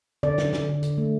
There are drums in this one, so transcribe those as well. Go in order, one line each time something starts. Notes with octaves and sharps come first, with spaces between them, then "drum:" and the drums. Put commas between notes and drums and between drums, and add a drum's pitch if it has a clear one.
D3 D5, drum: tom
D3, drum: snare
D3, drum: snare
D3
D3, drum: hi-hat
A3